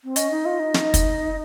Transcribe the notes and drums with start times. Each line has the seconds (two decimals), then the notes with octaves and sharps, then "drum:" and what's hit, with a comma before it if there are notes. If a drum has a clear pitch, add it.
0.04 C4
0.16 C#4 D#5, drum: hi-hat
0.31 D#4
0.46 F4
0.59 D#4
0.74 drum: snare
0.94 drum: kick, hi-hat